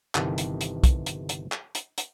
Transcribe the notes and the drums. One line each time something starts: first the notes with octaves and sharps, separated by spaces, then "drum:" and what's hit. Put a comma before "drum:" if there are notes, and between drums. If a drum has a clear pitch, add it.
G1 C3 D#3 E3 A4 G5, drum: clap
drum: hi-hat
drum: hi-hat
drum: kick, hi-hat
drum: hi-hat
drum: hi-hat
drum: clap
drum: hi-hat
drum: hi-hat